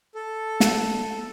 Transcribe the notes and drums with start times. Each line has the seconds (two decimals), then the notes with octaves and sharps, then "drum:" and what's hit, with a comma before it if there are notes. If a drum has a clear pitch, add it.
0.15 A4
0.60 drum: snare